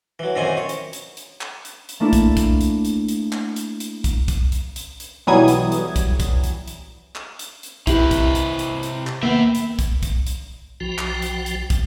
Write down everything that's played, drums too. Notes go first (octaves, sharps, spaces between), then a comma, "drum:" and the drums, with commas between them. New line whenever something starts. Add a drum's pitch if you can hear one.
E3 F#3
F#2 A#2 D#3 E3 C4 G#5
C#5
drum: hi-hat
drum: hi-hat
drum: hi-hat
drum: clap
drum: hi-hat
drum: hi-hat
A3 A#3 D4 E4 A4
drum: kick, hi-hat
drum: kick, hi-hat
drum: hi-hat
drum: hi-hat
drum: hi-hat
drum: clap
drum: hi-hat
drum: hi-hat
drum: kick, hi-hat
drum: kick, hi-hat
drum: hi-hat
drum: hi-hat
drum: hi-hat
B1 E3 F#3 G3 D#6 G#6
drum: hi-hat
drum: hi-hat
drum: kick, hi-hat
drum: kick, hi-hat
drum: hi-hat
drum: hi-hat
drum: clap
drum: hi-hat
drum: hi-hat
C3 E4 G4 B4, drum: kick, hi-hat
drum: kick, hi-hat
drum: hi-hat
drum: hi-hat
drum: hi-hat
drum: clap
D#2 A#3 B3 E5 G5
drum: hi-hat
drum: kick, hi-hat
drum: kick, hi-hat
drum: hi-hat
B1 F3 F#4 G5
drum: clap
drum: hi-hat
drum: hi-hat
drum: kick, hi-hat